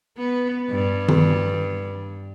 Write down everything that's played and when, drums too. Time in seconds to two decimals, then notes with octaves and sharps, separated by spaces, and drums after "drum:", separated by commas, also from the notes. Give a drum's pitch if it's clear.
0.18 B3
0.71 G2
1.09 drum: tom D#3